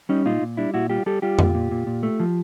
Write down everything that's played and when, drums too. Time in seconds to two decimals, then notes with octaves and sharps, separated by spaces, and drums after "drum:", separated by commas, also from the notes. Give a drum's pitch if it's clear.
0.09 G3 C#4 D#4
0.26 A#2 D#4 F4
0.42 A#2
0.57 G3 D4 E4
0.74 A#2 E4 F#4
0.90 G3 F4 G4
1.06 G3 G4 A4
1.22 G3 F4 G4
1.39 A#2, drum: tom F2
1.55 A#2
1.71 A#2
1.87 A#2
2.03 A3
2.20 F3